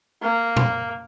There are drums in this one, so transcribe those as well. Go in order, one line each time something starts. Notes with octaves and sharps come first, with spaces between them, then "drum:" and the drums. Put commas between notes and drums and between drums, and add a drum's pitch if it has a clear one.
A#3
drum: tom A#2